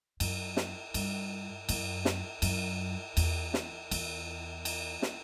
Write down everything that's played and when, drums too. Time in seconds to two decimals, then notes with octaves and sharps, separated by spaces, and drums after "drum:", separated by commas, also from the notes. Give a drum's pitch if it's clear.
0.20 F#2, drum: cymbal
0.57 drum: snare
0.94 G2, drum: cymbal
1.69 F#2, drum: cymbal
2.05 drum: snare
2.42 F#2, drum: cymbal
3.17 E2, drum: cymbal
3.54 drum: snare
3.91 E2, drum: cymbal
4.65 drum: cymbal
5.02 drum: snare